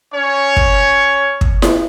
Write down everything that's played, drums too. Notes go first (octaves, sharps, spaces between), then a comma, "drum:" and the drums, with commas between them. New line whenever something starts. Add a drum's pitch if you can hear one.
C#4 C#5
drum: kick
drum: kick
drum: snare E4